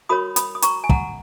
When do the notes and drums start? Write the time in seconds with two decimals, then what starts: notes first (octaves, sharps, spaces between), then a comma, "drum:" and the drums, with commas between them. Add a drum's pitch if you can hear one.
0.09 F#4 A#4 C#5 B5 D#6
0.36 B5 D#6, drum: hi-hat
0.55 D#6
0.62 A#5 C#6, drum: hi-hat
0.84 G#5
0.89 F#5 A#5, drum: kick